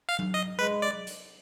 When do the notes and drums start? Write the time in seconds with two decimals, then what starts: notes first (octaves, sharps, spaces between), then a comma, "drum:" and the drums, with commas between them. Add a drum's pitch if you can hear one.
0.09 F5
0.19 drum: tom F#3
0.34 D#5
0.58 G#3 B4
0.82 D5
1.07 drum: hi-hat